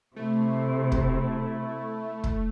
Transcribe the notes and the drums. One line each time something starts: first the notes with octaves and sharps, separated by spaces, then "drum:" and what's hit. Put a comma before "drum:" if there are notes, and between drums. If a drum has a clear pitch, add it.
C3 A3 E4
drum: kick
drum: kick